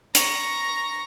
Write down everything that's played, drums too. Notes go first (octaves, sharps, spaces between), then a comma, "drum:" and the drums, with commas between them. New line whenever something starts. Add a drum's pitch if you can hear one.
A#5 C#6, drum: hi-hat